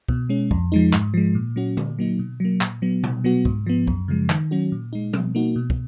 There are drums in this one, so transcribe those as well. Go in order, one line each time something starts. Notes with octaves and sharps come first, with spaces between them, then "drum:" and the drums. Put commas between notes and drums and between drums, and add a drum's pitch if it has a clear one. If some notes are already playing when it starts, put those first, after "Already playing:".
B2, drum: kick
G#3 C#4
F2, drum: kick
F3 G#3 D#4
G#2, drum: clap
F3 G#3
A#2
F#3 C#4 F#4
A#2, drum: tom D3
F#3 A#3 D#4
B2
F#3 A#3
A#2, drum: clap
F#3 B3
B2, drum: tom
F#3 B3 F#4
G#2, drum: kick
F3 B3
F#2, drum: kick
C#3 F3 G#3
D#3, drum: clap
F#3 C#4 F#4
A#2
G#3 D#4
B2, drum: tom F3
A#3 D#4 F#4
B2
drum: kick